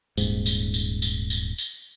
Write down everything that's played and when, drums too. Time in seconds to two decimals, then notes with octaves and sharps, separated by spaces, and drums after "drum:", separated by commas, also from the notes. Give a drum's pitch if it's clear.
0.17 D#1 G#2, drum: tambourine
0.46 drum: tambourine
0.74 drum: tambourine
1.02 drum: tambourine
1.30 drum: tambourine
1.58 drum: tambourine